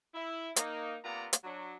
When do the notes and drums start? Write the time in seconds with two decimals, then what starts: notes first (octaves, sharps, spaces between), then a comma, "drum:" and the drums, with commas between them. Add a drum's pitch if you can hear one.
0.14 E4
0.56 A#3 D#4, drum: hi-hat
1.03 C3 A#3 B3 F4 D5 A#5
1.33 drum: hi-hat
1.44 F#3 D4